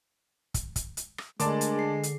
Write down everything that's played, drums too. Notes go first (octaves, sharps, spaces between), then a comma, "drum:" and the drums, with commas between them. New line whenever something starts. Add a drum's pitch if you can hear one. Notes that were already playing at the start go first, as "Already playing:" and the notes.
drum: kick, hi-hat
drum: kick, hi-hat
drum: hi-hat
drum: rim click
D3 G#3 A3 A#4 D5 A5 C6 D6, drum: hi-hat
drum: hi-hat
G#4 C7
drum: hi-hat